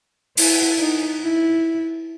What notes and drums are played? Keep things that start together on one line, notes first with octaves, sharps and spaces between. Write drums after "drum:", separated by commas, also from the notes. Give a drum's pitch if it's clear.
E4, drum: open hi-hat
D#4
E4